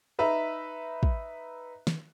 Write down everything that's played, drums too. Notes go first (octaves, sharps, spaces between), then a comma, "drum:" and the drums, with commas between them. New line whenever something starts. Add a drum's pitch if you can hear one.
D#4 B4 E5 A#5
drum: kick
drum: snare